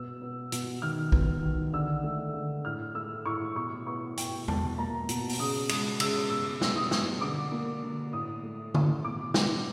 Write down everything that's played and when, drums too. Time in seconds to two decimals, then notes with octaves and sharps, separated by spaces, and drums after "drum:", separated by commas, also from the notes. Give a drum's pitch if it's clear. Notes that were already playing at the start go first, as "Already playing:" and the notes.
Already playing: B2 B3 E6
0.22 B3
0.52 B2, drum: hi-hat
0.82 D#3 F6
1.12 B3, drum: kick
1.42 D#3
1.73 D3 E6
2.03 A3
2.34 D3
2.65 A2 F6
2.95 A3 E6
3.25 A2 C#6
3.56 B2 C#6
3.86 B3 C#6
4.17 B2 G5, drum: hi-hat
4.48 B2 A5, drum: tom E2
4.77 A#3 A#5
5.09 B2, drum: hi-hat
5.29 drum: open hi-hat
5.39 C#3 D#6
5.69 G#3 D#6, drum: cymbal
6.00 C#3 E6, drum: cymbal
6.30 B2 E6
6.61 B3, drum: snare
6.76 D#6
6.91 B2, drum: snare
7.21 D3 D6
7.52 A#3
7.83 D3
8.13 A2 D#6
8.43 A3
8.74 A2, drum: tom D3
9.04 B2 D6
9.34 B3, drum: snare